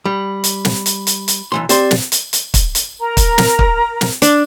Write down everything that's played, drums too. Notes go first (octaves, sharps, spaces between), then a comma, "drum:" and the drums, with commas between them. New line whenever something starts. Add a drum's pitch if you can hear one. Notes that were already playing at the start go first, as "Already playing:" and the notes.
G3 B5
drum: hi-hat
drum: snare
drum: hi-hat
drum: hi-hat
drum: hi-hat
B1 E3 C6
C4 G4 D5 C6, drum: hi-hat
drum: snare
drum: hi-hat
drum: hi-hat
drum: kick, hi-hat
drum: hi-hat
A#4 A#5
drum: kick, hi-hat
drum: snare
drum: kick
drum: snare
D4, drum: hi-hat